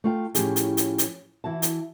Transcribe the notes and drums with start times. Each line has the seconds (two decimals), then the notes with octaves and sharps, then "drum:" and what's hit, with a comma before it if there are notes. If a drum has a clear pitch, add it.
0.04 A3 F4 G5
0.35 A2 F3 G#3 C#4 G4 G#4, drum: hi-hat
0.56 drum: hi-hat
0.77 drum: hi-hat
0.98 drum: hi-hat
1.44 E3 E4 F#4 A5
1.62 drum: hi-hat